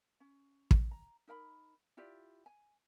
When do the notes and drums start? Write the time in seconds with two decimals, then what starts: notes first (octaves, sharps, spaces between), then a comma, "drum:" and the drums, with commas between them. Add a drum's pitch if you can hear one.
0.20 C#4
0.71 drum: kick
0.91 A#5
1.28 D#4 A#4 F5 B5
1.97 E4 F4 G4 D5
2.46 G#5